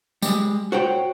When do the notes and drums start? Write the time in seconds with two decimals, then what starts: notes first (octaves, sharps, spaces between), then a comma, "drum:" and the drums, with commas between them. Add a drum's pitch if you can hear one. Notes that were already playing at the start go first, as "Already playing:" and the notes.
0.22 G3 G#3, drum: tambourine
0.72 F#4 C5 C#5 G5